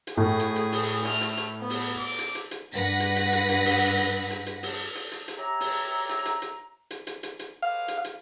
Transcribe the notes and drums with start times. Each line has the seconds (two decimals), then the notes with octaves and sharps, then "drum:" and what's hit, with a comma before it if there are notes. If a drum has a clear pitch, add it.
0.07 drum: hi-hat
0.17 A2 G#4
0.40 drum: hi-hat
0.56 drum: hi-hat
0.72 drum: open hi-hat
1.05 A3 F6, drum: hi-hat
1.21 drum: hi-hat
1.37 drum: hi-hat
1.61 B3
1.70 drum: open hi-hat
1.99 D6
2.19 drum: hi-hat
2.35 drum: hi-hat
2.51 drum: hi-hat
2.74 G2 B4 F#5 A#6 B6
3.00 drum: hi-hat
3.16 drum: hi-hat
3.33 drum: hi-hat
3.49 drum: hi-hat
3.65 drum: open hi-hat
3.98 drum: hi-hat
4.30 drum: hi-hat
4.46 drum: hi-hat
4.63 drum: open hi-hat
4.95 drum: hi-hat
5.12 drum: hi-hat
5.28 drum: hi-hat
5.38 G4 C#5 E5 A#5
5.60 drum: open hi-hat
6.09 drum: hi-hat
6.25 drum: hi-hat
6.42 drum: hi-hat
6.91 drum: hi-hat
7.07 drum: hi-hat
7.23 drum: hi-hat
7.39 drum: hi-hat
7.63 F5
7.88 drum: hi-hat
8.04 drum: hi-hat